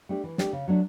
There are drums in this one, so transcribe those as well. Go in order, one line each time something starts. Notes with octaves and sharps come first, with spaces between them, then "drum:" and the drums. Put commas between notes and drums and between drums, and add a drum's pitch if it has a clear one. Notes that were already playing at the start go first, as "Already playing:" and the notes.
A3 D4 G4
E3
A3 D4 G4, drum: snare
C#3
F#3 A3 D4